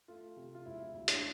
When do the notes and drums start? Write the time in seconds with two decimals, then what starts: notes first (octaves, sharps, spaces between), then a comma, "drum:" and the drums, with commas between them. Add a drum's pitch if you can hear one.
0.08 A3 F4
0.37 C3
0.55 F4
0.66 E1 E4
0.79 E4
0.93 D2
1.08 D4, drum: hi-hat